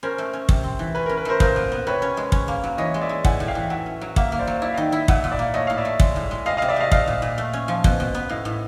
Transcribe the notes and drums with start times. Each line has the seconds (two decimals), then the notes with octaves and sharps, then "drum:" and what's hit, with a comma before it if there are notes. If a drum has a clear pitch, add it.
0.03 C#4 A#4 C5
0.18 A3
0.33 C#4
0.49 C3, drum: kick
0.64 C4
0.79 E3
0.95 C#4 B4
1.06 C#4 A#4
1.17 B4
1.25 A3 A#4 C5
1.40 A#2 A#4 C5, drum: kick
1.56 B3
1.72 B3
1.87 C3 B4 C#5
2.02 C#4
2.17 G#3
2.32 C#4, drum: kick
2.48 A#3
2.64 F#3
2.78 E3 C#5 D#5
2.94 G#3
3.01 D5 E5
3.09 G#3
3.25 A2 F#5 G#5, drum: kick
3.40 A2
3.47 F5 G5
3.55 E3
3.70 F#3 E5 F#5
3.86 C#4
4.01 F#3
4.16 A#3 E5 F#5, drum: kick
4.32 A#3
4.39 C5 D5
4.47 F#3
4.62 E4 D5 E5
4.74 D#3 D#5 F5
4.92 E4
5.08 A#2 E5 F#5, drum: kick
5.24 A#2
5.32 D5 E5
5.39 A#3
5.54 A3 C#5 D#5
5.67 A2 F5
5.77 D5 E5
5.85 A3
6.00 G#3, drum: kick
6.16 A2
6.31 G#3
6.46 C3 D#5 F5
6.57 C3 D#5 F5
6.68 D5 E5
6.76 A3 D#5 F5
6.92 A#2 D#5 F5, drum: kick
7.08 A#2
7.22 A#2
7.38 A3
7.53 C#4
7.68 F3
7.84 B2, drum: kick
8.00 B2
8.15 B3
8.29 A2 D#5 F5
8.45 A2